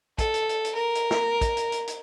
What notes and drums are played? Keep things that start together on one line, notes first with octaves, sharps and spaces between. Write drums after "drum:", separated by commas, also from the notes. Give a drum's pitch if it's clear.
A4, drum: kick, hi-hat
drum: hi-hat
drum: hi-hat
drum: hi-hat
A#4
drum: hi-hat
drum: snare
drum: kick, hi-hat
drum: hi-hat
drum: hi-hat
drum: hi-hat